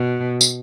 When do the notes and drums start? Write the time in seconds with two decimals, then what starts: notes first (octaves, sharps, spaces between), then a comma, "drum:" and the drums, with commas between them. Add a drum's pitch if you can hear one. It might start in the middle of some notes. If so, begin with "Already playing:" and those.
Already playing: B2
0.41 drum: tambourine